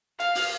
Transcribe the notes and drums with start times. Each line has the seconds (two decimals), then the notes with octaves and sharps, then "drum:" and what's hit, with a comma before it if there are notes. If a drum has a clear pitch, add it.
0.20 F5, drum: hi-hat
0.35 drum: open hi-hat